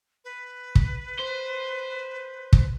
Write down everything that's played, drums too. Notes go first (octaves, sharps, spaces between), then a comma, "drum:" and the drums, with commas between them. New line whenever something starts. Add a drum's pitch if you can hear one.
B4
drum: kick
C5
drum: kick